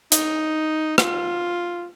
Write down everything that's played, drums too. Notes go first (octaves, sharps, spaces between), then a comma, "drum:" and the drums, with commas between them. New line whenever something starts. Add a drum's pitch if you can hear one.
D#4, drum: hi-hat
F4, drum: rim click